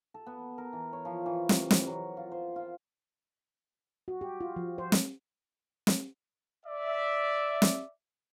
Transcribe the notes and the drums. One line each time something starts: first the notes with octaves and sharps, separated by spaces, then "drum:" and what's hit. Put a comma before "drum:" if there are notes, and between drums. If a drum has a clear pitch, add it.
A4
B3
A#4
E3
C#5
F3
E3
C3, drum: snare
drum: snare
F#3
F4
C5
F4
F#4
G4
F4
F3
C5
drum: snare
drum: snare
D5 E5
drum: snare